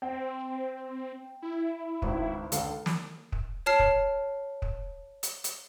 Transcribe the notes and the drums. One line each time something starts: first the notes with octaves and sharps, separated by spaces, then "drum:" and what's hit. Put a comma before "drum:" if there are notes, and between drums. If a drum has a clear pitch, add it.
C4 G5
E4
G#1 C#2, drum: kick
C#2 D3 A4 F5, drum: hi-hat
drum: snare
drum: kick
C#5 A5 F6 C7
drum: kick
drum: kick
drum: hi-hat
drum: hi-hat